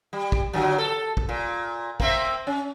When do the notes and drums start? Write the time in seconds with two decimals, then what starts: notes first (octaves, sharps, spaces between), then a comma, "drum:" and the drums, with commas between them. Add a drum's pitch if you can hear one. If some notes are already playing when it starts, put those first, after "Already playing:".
0.13 G3
0.32 drum: kick
0.53 A#2 D3 F#3
0.78 A4
1.17 drum: kick
1.29 A#2
2.00 A#3 C4 E5, drum: kick
2.47 C#4